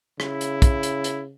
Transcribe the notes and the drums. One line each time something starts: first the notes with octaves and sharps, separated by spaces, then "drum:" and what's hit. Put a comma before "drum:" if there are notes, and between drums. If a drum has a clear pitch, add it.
C#3 E4, drum: rim click
drum: hi-hat
drum: kick, hi-hat
drum: hi-hat
drum: hi-hat